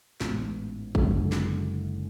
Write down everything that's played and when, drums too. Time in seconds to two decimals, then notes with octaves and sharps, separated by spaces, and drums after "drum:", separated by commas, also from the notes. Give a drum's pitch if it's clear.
0.21 A1 G#2 E3 B3, drum: snare
0.95 F#1 F#2 D3 G#3, drum: kick
1.32 drum: snare